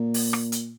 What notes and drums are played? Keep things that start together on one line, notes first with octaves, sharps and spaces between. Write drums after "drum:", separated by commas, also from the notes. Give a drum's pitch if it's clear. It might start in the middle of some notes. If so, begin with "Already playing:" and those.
Already playing: A#2
drum: open hi-hat
drum: rim click
drum: hi-hat